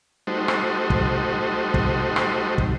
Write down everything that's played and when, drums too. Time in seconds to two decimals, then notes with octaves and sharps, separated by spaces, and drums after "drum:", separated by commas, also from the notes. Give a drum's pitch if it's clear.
0.27 G3 A3 D#4 F#4 C5
0.48 drum: rim click
0.90 drum: kick
1.74 drum: kick
2.16 drum: rim click
2.58 drum: kick